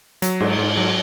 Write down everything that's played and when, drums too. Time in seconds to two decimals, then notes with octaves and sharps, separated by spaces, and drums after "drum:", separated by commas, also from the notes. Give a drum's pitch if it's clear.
0.22 F#3, drum: hi-hat
0.40 G#2, drum: cymbal
0.59 G#2
0.77 F#3